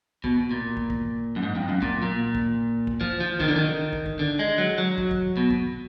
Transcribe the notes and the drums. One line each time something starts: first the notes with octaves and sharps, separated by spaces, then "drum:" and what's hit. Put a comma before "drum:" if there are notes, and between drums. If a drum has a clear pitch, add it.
B2, drum: kick
A#2
drum: kick
drum: kick
F#2
G#2
F2
F#2
A#2, drum: kick
A#2
drum: kick
drum: kick
F3, drum: kick
F3
D#3, drum: kick
D3
D#3
drum: kick
drum: kick
D3
G#3
F#3
F#3
drum: kick
drum: kick
B2
drum: kick